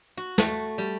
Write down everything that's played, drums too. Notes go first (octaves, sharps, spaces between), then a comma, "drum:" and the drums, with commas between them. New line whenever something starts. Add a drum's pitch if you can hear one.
F#4
A3, drum: snare
G3